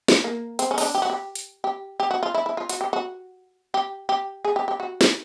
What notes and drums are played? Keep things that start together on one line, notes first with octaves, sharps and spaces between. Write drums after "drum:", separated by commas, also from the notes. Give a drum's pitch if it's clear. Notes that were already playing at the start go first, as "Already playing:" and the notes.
drum: snare
A#3
C4, drum: hi-hat
C#4
D#4, drum: open hi-hat
D4
G4
F#4
G4
drum: hi-hat
G4
G4
F#4
F4
E4
E4
F4
F#4, drum: hi-hat
G4
F#4
G4
G4
G#4
G4
G4
F#4
drum: snare